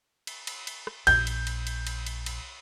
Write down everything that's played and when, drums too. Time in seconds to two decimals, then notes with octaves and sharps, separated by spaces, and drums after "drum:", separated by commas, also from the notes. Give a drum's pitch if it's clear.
0.27 drum: cymbal
0.47 drum: cymbal
0.67 drum: cymbal
0.87 drum: rim click
1.07 A#1 G6, drum: cymbal
1.27 drum: cymbal
1.47 drum: cymbal
1.67 drum: cymbal
1.87 drum: cymbal
2.06 drum: cymbal
2.26 drum: cymbal